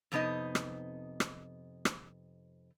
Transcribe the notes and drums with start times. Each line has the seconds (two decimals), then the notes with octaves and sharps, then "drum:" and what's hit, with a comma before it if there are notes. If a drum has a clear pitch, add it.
0.12 F2 C3 B3 D#4 D#5
0.55 drum: rim click
1.20 drum: rim click
1.85 drum: rim click